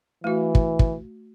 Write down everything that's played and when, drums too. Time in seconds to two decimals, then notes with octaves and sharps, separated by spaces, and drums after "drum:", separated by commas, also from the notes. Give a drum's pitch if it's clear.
0.24 E3 A3 F#4
0.55 drum: kick
0.79 drum: kick